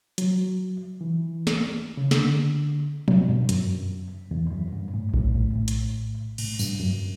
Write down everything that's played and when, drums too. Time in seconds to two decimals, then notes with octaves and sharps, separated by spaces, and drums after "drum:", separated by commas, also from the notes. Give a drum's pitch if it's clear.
0.18 F#3, drum: hi-hat
1.01 E3
1.47 drum: snare
1.97 C#3
2.11 D3, drum: snare
3.08 B2, drum: tom F3
3.29 G2
3.49 F#2, drum: hi-hat
4.31 E2
4.52 F#2
4.73 G2
4.94 A2
5.14 A2, drum: kick A#1
5.35 A2
5.56 A2
5.68 drum: hi-hat
6.38 A2, drum: cymbal
6.59 G2, drum: tambourine
6.80 F#2